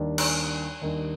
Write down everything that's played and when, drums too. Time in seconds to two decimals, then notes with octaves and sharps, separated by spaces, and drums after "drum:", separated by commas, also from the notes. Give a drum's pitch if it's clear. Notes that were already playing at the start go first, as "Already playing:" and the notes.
Already playing: D#2 D#3 G3 D4
0.18 drum: cymbal
0.81 D#2 D#3 G3 D4